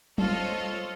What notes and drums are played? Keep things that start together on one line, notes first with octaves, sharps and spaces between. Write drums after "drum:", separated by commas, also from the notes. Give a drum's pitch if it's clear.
F4 A4 C5 C#5 D#5, drum: tom